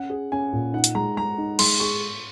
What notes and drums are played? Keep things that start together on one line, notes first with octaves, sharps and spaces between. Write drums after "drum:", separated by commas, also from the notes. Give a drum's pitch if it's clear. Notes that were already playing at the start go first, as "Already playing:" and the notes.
Already playing: C#4 F#5
G#4
C#4 G#5
A#2
D#4 F#5
drum: hi-hat
G#3 A#5
G#3 A#5
D#4
G#3 C6, drum: cymbal
G#4 C#6